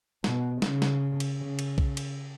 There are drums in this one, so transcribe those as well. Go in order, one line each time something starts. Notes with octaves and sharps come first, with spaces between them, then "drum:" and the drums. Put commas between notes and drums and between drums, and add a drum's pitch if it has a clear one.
B2, drum: snare
C#3, drum: snare
drum: snare
drum: cymbal
C#3
drum: cymbal
drum: kick B1
drum: cymbal